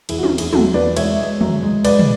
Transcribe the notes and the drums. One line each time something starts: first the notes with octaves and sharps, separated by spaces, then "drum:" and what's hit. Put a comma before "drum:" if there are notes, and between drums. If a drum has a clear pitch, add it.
E2 E4 G#4, drum: cymbal
F#4
C#4 E4, drum: tom
E2
E4 G#4, drum: cymbal
F#3 F#4 A4, drum: tom
E2 B4 D5
G#3 C#5 E5, drum: cymbal
G#3
F#2, drum: tom
G#3
G#3 B4 D5, drum: cymbal
drum: tom